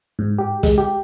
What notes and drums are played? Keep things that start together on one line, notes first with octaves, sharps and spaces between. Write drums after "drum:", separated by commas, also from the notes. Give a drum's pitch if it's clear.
G#2
G4
G#3, drum: kick, hi-hat
G4